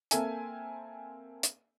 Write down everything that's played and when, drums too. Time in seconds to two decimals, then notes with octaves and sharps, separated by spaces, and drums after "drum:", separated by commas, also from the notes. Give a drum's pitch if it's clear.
0.11 A#3 C4 A4 E5 G#5, drum: hi-hat
1.43 drum: hi-hat